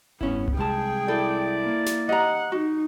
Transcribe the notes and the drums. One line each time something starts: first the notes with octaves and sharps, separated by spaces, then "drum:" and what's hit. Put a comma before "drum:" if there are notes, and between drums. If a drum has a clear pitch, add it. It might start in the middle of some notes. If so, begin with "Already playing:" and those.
G2 B3 C#4 E4, drum: kick F1
drum: tom C2
C2 G#3 G#4 G5 A5
E4 A4 D5
A#3
drum: snare
G4 D#5 F#5 A#5
D#4 F#4